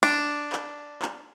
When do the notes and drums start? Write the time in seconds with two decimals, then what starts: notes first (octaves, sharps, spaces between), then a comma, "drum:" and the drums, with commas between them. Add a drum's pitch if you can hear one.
0.03 D4, drum: cymbal
0.52 drum: clap
1.02 drum: clap